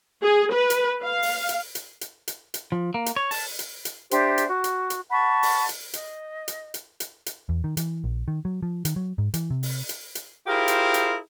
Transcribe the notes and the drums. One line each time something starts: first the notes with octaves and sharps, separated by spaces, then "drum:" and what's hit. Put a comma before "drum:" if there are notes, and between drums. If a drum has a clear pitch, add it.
G#4
B4
drum: hi-hat
F5
drum: open hi-hat
drum: hi-hat
drum: hi-hat
drum: hi-hat
drum: hi-hat
drum: hi-hat
F3
A#3
drum: hi-hat
C#5
A5, drum: open hi-hat
drum: hi-hat
drum: hi-hat
D4 G4 C5 E5, drum: hi-hat
drum: hi-hat
F#4
drum: hi-hat
drum: hi-hat
F#5 A5 B5 C#6
drum: open hi-hat
drum: hi-hat
D#5, drum: hi-hat
drum: hi-hat
drum: hi-hat
drum: hi-hat
drum: hi-hat
E2
D#3
E3, drum: hi-hat
A#1
D#3
F#3
F3
D#3, drum: hi-hat
F#3
G#2
E3, drum: hi-hat
C3
drum: open hi-hat
drum: hi-hat
drum: hi-hat
E4 F4 G4 G#4 A#4 C5
drum: hi-hat
drum: hi-hat